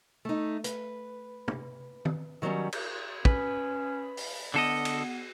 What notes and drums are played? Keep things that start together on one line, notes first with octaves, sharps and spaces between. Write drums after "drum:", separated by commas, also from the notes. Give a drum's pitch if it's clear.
A3 D#4
B4, drum: hi-hat
drum: tom
drum: tom D#3
D#3 F#3 G3 C4 C#4
drum: cymbal
C#4 B4, drum: kick
drum: open hi-hat
D3 B3 A4 D#5
drum: cymbal